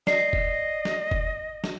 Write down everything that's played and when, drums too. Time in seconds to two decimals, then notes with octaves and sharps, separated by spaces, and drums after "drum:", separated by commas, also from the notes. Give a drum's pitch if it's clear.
0.07 D5 D#5 C7, drum: snare
0.33 drum: kick F1
0.85 drum: snare
1.11 drum: kick F1
1.64 drum: snare